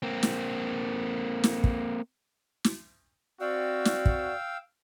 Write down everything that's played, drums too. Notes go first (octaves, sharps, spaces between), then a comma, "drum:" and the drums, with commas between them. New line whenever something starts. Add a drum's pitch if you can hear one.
A#3 C4
drum: snare
drum: snare
drum: kick
drum: snare
C4 F#4 D5 F5 G5 E6
drum: snare
drum: kick